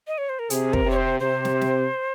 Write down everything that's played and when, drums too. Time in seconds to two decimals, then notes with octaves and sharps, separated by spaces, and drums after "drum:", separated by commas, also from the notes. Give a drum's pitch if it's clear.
0.08 D#5
0.18 C#5
0.29 C5
0.39 A#4
0.50 C3 G#4, drum: hi-hat
0.73 A#4, drum: kick
0.85 C3
0.91 C#5
0.96 C5
1.20 C3 C5
1.45 drum: snare
1.61 drum: snare